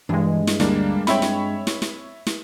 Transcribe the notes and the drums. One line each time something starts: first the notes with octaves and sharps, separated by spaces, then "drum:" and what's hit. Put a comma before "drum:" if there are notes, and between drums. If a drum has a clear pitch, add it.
G2 E3 G#3 D4
drum: snare
D2 G3 A#3 D4, drum: snare
C4 C#5 E5 G5 B5, drum: snare
drum: snare
drum: snare
drum: snare
drum: snare